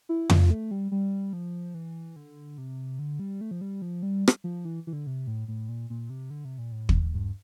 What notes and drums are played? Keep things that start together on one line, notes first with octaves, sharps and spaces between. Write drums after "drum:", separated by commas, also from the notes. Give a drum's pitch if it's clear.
E4
F4, drum: tom F2
A3
G3
G3
F3
E3
D3
C3
D3
G3
A3
F3
G3
F3
G3
drum: rim click
F3
E3
E3
D3
C3
A2
A2
A#2
A#2
C3
D3
C3
A#2
A2
drum: kick
G2